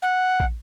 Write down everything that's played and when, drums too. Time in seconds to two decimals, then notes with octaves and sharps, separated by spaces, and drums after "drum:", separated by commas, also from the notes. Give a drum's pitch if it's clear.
0.02 F#5
0.40 drum: kick